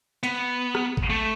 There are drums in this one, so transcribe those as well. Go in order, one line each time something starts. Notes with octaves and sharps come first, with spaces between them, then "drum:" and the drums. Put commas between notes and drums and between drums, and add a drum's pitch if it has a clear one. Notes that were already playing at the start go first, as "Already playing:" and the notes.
B3, drum: hi-hat
drum: rim click
drum: kick
A3